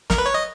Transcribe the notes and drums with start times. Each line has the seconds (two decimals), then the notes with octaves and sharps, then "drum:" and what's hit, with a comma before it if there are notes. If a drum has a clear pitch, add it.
0.10 A#4, drum: snare
0.18 B4
0.26 C#5
0.34 D#5